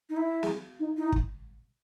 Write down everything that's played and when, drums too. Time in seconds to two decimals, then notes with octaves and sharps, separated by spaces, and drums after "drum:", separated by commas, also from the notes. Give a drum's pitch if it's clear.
0.09 D#4
0.17 E4
0.43 G#4, drum: snare
0.80 D#4
0.97 D#4 E4
1.12 drum: kick